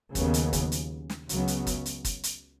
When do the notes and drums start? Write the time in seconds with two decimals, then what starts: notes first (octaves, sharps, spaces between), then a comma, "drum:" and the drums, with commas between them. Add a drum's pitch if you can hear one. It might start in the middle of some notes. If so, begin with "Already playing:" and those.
0.15 D#2 C#3 F#3 B3, drum: kick, hi-hat
0.34 drum: hi-hat
0.53 drum: kick, hi-hat
0.72 drum: hi-hat
1.10 drum: snare
1.29 C#2 C#3 F#3 B3, drum: hi-hat
1.48 drum: hi-hat
1.67 drum: kick, hi-hat
1.86 drum: hi-hat
2.05 drum: kick, hi-hat
2.23 drum: hi-hat